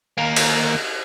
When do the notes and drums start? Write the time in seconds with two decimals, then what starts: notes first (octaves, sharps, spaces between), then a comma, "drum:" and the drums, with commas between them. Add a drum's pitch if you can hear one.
0.18 D#2 A#3
0.36 drum: cymbal